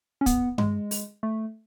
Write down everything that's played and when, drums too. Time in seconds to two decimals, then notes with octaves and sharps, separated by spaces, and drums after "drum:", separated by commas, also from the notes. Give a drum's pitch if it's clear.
0.21 C#4
0.26 B3, drum: kick, hi-hat
0.58 G#3, drum: tom G2
0.91 drum: open hi-hat
1.23 A3